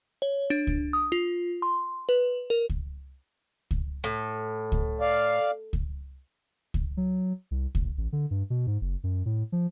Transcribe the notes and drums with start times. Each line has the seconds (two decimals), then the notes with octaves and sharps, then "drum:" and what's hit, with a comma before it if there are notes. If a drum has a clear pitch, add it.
0.22 C#5
0.50 D4
0.67 drum: kick C#2
0.93 D#6
1.12 F4
1.62 C6
2.09 B4
2.50 A#4
2.70 drum: kick C#2
3.71 drum: kick C#2
4.04 A2
4.72 drum: kick C#2
5.01 D5 F5
5.73 drum: kick C#2
6.74 drum: kick C#2
6.97 F#3
7.51 C2
7.75 F1, drum: kick C#2
7.98 A1
8.12 D3
8.31 G2
8.50 B2
8.67 G#2
8.81 F#1
9.04 F#2
9.26 A2
9.52 F3